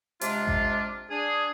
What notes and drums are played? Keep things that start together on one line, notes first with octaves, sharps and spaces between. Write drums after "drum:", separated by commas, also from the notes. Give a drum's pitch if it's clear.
C3 G#3 D4 F4, drum: hi-hat
drum: kick A1
D4 G#4